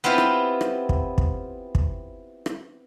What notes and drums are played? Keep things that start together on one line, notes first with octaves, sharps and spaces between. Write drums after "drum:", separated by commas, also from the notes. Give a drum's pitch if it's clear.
B3 C4 E4 F4 G4
drum: rim click
drum: rim click
drum: kick
drum: kick
drum: kick
drum: rim click